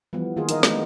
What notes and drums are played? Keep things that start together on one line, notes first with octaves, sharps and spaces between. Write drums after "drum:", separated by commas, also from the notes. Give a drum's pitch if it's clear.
E3 F3 G3 B3
D#3 A#3 F4 G#4
D#4 A#4 D#5, drum: hi-hat
G#3 A3 B3 D4, drum: snare